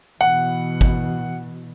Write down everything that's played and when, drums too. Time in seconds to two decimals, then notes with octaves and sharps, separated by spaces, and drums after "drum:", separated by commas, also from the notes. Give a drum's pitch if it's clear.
0.21 B2 E3 F#5
0.81 drum: kick